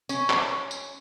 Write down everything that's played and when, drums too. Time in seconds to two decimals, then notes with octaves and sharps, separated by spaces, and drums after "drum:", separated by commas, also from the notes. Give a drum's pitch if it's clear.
0.09 C#4, drum: tambourine
0.30 drum: clap
0.71 drum: tambourine